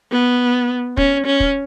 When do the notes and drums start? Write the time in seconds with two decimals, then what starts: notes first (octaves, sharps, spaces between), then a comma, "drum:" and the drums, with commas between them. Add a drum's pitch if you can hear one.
0.12 B3
0.97 C#4, drum: kick
1.26 C#4
1.40 drum: kick